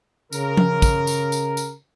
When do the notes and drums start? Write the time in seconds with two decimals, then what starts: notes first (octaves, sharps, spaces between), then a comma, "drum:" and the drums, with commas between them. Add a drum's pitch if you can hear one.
0.33 C#3 A#4, drum: tambourine
0.57 drum: tom F3
0.82 drum: kick, tambourine
1.07 drum: tambourine
1.32 drum: tambourine
1.57 drum: tambourine